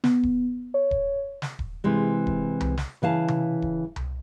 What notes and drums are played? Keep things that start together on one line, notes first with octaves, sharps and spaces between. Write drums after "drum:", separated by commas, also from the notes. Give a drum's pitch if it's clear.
B3, drum: snare
drum: kick D#1
C#5
drum: kick D#1
drum: snare
drum: kick D#1
C3 E3 G#3
drum: kick D#1
drum: tom C2
drum: snare
C#3 E3 F5 A5
drum: tom C3
drum: kick D#1
drum: tom C2